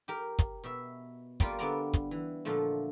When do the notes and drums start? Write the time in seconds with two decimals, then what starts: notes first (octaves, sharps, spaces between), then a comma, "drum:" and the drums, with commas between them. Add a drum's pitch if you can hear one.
0.08 G4 A#4
0.39 drum: kick, hi-hat
0.64 B2 E5
1.40 G3 A#3 F4 D5, drum: kick, hi-hat
1.59 D3 B3 D5 A#5
1.94 drum: kick, hi-hat
2.11 E3
2.45 A#2 D3 F3 A3